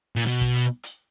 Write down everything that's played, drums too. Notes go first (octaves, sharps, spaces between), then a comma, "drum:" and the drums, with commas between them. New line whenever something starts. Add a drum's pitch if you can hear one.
A#2
B2, drum: hi-hat
drum: kick
drum: hi-hat
drum: hi-hat